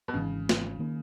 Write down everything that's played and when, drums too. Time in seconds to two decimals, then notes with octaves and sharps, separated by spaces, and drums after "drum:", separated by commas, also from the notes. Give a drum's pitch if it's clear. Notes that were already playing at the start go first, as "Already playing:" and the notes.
0.08 B2
0.13 G#1 G#2 C#3 E3
0.49 drum: snare
0.79 D#3 A#3